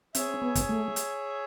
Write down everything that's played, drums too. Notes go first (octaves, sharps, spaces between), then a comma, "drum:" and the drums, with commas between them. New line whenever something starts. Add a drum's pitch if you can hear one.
C4 G#4 C#5 E5, drum: hi-hat
B3
drum: kick, hi-hat
A3
drum: hi-hat